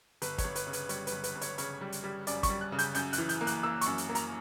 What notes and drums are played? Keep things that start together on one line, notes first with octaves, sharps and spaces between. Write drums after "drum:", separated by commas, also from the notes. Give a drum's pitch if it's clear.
G1 B4, drum: hi-hat
C#5, drum: kick, hi-hat
G1
B4, drum: hi-hat
C#3
B4, drum: hi-hat
G3 C#5, drum: hi-hat
B4, drum: hi-hat
G1
B4, drum: hi-hat
G1
C#5, drum: hi-hat
C#3 C#5, drum: hi-hat
G3
drum: hi-hat
G3
F#2 D5, drum: hi-hat
C#6, drum: kick, hi-hat
G3
F#6
C#3
G6, drum: hi-hat
F#2 G6, drum: hi-hat
F#6, drum: hi-hat
E3
G6, drum: hi-hat
A#3
F#6, drum: hi-hat
A#3 E6
C#6, drum: hi-hat
F#2
drum: hi-hat
A#3
A#5, drum: hi-hat